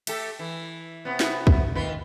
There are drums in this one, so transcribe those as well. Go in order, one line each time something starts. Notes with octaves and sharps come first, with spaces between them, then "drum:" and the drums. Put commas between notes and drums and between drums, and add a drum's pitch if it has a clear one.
A3 G4 A4, drum: cymbal
E3
C3 B3
drum: snare
drum: kick
D#3 F4 B4